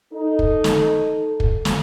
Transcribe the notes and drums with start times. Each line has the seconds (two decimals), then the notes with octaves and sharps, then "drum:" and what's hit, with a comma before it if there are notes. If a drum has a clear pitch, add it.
0.14 D#4 A4
0.39 drum: kick
0.64 drum: snare
1.40 drum: kick
1.65 drum: snare